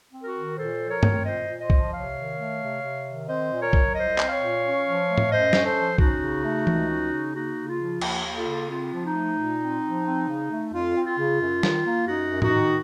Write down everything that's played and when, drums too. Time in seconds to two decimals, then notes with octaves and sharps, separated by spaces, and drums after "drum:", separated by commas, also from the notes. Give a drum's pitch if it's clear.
0.12 C4
0.23 F#4 A#4
0.35 D#3
0.56 A#2 A4 C5
0.79 F3
0.90 A#4 C#5
1.03 C4, drum: tom G2
1.24 A#2 C5 D#5
1.47 A#2
1.58 C5 D#5
1.70 F3, drum: kick B1
1.93 C3 C#5 F5
2.16 D#3
2.37 A3
2.60 C3
2.82 C3
3.06 D#3
3.27 C4 C5 D#5
3.50 A#2
3.61 A#4 C#5
3.73 F#3, drum: kick B1
3.95 C2 C5 D#5
4.18 C4, drum: clap
4.29 C#5 F5
4.40 A#2
4.64 C#4
4.86 F3
5.08 A3
5.18 drum: tom A2
5.31 F#2 C5 D#5
5.53 C#4, drum: snare
5.64 A4 C5
5.76 F3
5.98 C#4 D#4 F#4, drum: kick B1
6.21 C#3
6.44 A3
6.67 C#2, drum: tom E3
6.88 C#4
7.12 C#3
7.34 A#3 D#4 F#4
7.57 C#3
7.69 F4
7.79 F3
8.01 D#2, drum: cymbal
8.24 A#3
8.35 F4 A4
8.46 C#3
8.69 C4 F4
8.93 F3
9.04 D#4
9.14 A3
9.38 A#2
9.60 C4
9.83 F3
10.05 C4
10.28 C#3
10.50 A3
10.72 F2 F4
10.95 C4
11.06 F4
11.17 C#3
11.41 F#2
11.63 D#3, drum: snare
11.86 A#3
12.08 F#2 D#4 F#4
12.30 F#2
12.42 D#4 F#4, drum: tom A2
12.53 D#3